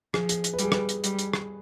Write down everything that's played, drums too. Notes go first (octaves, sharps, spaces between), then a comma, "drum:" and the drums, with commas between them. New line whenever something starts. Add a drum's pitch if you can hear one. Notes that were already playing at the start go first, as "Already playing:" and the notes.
F3 G#4, drum: rim click
G#4, drum: hi-hat
drum: hi-hat
B4
G3 G#4, drum: hi-hat
B4, drum: rim click
drum: hi-hat
G3, drum: hi-hat
drum: hi-hat
drum: rim click